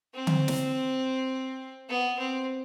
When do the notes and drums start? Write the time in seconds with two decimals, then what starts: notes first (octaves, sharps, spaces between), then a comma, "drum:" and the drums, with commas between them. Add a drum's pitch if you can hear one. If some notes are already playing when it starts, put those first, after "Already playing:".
0.14 C4
0.27 drum: tom D3
0.48 drum: snare
1.89 B3
2.19 C4